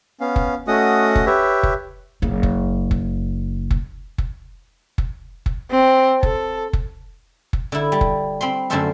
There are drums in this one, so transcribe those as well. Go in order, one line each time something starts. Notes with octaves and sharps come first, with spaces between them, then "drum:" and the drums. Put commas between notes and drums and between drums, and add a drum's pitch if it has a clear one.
B3 C#4 F5
drum: kick F#1
A3 C#4 F#4 D#5 F#5 D#6
drum: kick F#1
G4 B4 C#5 E5
drum: kick F#1
F#1 C#3
drum: kick F#1
drum: kick F#1
drum: kick F#1
drum: kick F#1
drum: kick F#1
drum: kick F#1
C4
A4, drum: kick F#1
drum: kick F#1
drum: kick F#1
D3 E4
G3
drum: kick F#1
C4 B5 C6
F#2 D3 A3 A4 C5 E5